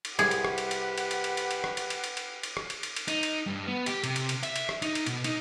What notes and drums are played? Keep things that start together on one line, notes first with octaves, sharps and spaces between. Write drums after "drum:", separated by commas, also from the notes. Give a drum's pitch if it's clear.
drum: cymbal
C2 G4 G#4 B4 F#5, drum: cymbal
drum: cymbal
drum: rim click
drum: cymbal
drum: cymbal
drum: cymbal
drum: cymbal
drum: cymbal
drum: cymbal
drum: cymbal
drum: rim click
drum: cymbal
drum: cymbal
drum: cymbal
drum: cymbal
drum: cymbal
drum: rim click
drum: cymbal
drum: cymbal
drum: cymbal
D#4, drum: cymbal
drum: cymbal
G2
B3
G4, drum: cymbal
C3, drum: cymbal
drum: cymbal
drum: cymbal
E5, drum: cymbal
drum: cymbal
drum: rim click
D#4, drum: cymbal
drum: cymbal
B2, drum: cymbal
D#4, drum: cymbal